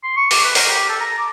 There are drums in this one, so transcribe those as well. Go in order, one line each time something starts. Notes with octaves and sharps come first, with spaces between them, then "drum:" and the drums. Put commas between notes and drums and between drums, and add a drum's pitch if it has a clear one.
C6
C#6
D6, drum: open hi-hat
B4
A#4, drum: open hi-hat
G4
A4
A#5
D6